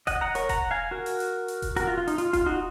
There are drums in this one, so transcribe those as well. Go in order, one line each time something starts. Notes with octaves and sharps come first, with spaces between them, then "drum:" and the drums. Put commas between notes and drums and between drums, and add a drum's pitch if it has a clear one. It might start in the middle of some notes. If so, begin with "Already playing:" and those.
D#5 F#5, drum: kick E1, hi-hat
F#5 A#5
A#4 C#5, drum: hi-hat
F#5 A#5, drum: kick E1, hi-hat
F5 G#5
F#4 A#4
drum: open hi-hat
drum: hi-hat
drum: hi-hat
drum: kick E1, hi-hat
F#4 A#4, drum: hi-hat
F4
F4
D#4, drum: hi-hat
F4, drum: hi-hat
F4, drum: kick E1, hi-hat
D#4 F#4